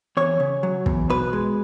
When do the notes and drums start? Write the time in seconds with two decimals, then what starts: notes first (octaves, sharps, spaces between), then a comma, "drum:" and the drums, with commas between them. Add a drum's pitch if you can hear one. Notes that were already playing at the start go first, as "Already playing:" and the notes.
0.17 E2 C#5
0.40 C#3
0.63 F#3
0.86 E2, drum: kick
1.10 B2 B4
1.33 G#3